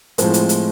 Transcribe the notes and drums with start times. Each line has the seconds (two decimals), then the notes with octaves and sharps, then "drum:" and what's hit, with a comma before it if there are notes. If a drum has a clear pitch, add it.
0.18 A2 F3 G#3 C4, drum: hi-hat
0.34 drum: hi-hat
0.49 drum: hi-hat